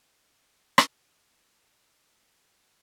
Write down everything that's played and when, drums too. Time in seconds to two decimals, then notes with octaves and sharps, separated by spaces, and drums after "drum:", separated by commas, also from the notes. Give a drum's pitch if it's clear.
0.05 G#1 F2 C#3 F#4 B5
0.78 drum: rim click